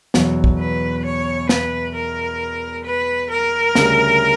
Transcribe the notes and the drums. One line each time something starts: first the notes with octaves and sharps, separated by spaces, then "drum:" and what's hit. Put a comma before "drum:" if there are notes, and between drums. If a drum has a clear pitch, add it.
E2 B2 F#3, drum: snare
drum: kick
B4
C#5
B4, drum: snare
A#4
B4
A#4
D2 C#3 G3, drum: snare